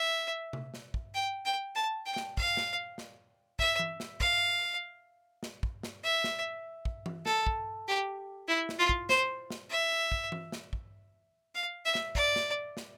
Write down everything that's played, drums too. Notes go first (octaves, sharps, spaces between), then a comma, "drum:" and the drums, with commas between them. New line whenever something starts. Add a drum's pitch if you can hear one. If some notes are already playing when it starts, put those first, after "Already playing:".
Already playing: E5
drum: tom C3
drum: snare
drum: kick
G5
G5
A5
G5
drum: snare
F5, drum: kick
drum: snare
drum: snare
E5, drum: kick
drum: tom E3
drum: snare
F5, drum: kick
drum: snare
drum: kick
drum: snare
E5
drum: snare
drum: kick
drum: tom E3
A4, drum: snare
drum: kick
G4
E4
drum: snare
F4
drum: kick
C5, drum: snare
drum: snare
E5
drum: kick
drum: tom E3
drum: snare
drum: kick
F5
E5
drum: snare
D5, drum: kick
drum: snare
drum: snare